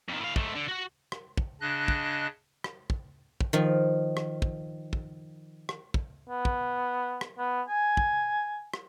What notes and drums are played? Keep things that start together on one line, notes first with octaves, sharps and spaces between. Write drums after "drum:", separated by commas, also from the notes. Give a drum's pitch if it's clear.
F2 D#3
A2 F5
G#2 A3, drum: kick
D3
F#4 F#5
drum: rim click
drum: kick
C#3 D4 D#5 F#6
drum: kick
drum: rim click
drum: kick
drum: kick
D#3 F3
drum: rim click
drum: kick
drum: kick
drum: rim click
drum: kick
B3
drum: kick
drum: rim click
B3
G#5
drum: kick
drum: rim click